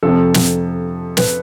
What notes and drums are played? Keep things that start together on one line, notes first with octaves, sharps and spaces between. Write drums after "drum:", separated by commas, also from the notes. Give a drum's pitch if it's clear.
F2 C3 F3 A4
drum: snare
B4, drum: snare